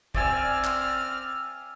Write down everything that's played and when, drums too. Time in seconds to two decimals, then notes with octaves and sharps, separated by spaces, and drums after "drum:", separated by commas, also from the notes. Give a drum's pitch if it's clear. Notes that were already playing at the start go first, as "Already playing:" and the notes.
0.15 C4 D5 E5 G#5 F6, drum: kick
0.64 drum: clap